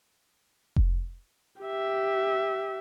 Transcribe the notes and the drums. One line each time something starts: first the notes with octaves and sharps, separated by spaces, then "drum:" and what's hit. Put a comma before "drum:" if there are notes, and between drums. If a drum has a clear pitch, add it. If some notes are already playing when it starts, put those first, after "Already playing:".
drum: kick F1
G4 E5